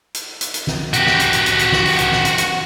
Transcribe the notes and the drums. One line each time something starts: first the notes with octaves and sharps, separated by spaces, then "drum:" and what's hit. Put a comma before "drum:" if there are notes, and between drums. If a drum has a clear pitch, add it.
drum: hi-hat
drum: hi-hat
drum: hi-hat
drum: snare
F#4 G4, drum: hi-hat
drum: snare
drum: hi-hat
drum: hi-hat
drum: hi-hat
drum: hi-hat
drum: snare
drum: open hi-hat
drum: hi-hat
drum: snare
drum: hi-hat
drum: hi-hat